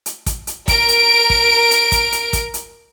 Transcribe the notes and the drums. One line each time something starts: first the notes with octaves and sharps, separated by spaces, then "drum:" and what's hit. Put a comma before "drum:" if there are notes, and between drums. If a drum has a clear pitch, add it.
drum: hi-hat
drum: kick, hi-hat
drum: hi-hat
A#4 D7, drum: kick, hi-hat
drum: hi-hat
drum: kick
drum: hi-hat
drum: kick, hi-hat
drum: hi-hat
drum: kick, hi-hat
drum: hi-hat